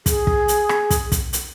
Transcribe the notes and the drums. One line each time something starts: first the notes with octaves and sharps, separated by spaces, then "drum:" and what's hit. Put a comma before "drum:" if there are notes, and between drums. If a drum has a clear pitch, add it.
G#4, drum: kick, hi-hat
drum: kick
drum: hi-hat
drum: rim click
drum: kick, hi-hat
drum: kick, hi-hat
drum: hi-hat